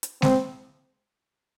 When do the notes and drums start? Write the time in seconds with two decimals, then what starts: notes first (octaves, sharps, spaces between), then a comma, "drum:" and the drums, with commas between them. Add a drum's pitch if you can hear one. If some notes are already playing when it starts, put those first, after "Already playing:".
0.03 drum: hi-hat
0.22 C4, drum: snare G#3